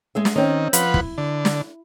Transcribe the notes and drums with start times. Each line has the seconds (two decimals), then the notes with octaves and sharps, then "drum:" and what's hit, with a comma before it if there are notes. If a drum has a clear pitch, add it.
0.15 G#3 G#4 E5
0.25 drum: snare
0.36 D#3 C4 C#4
0.73 F3 B4 F#5, drum: hi-hat
0.94 E4, drum: kick
1.18 D3
1.45 drum: snare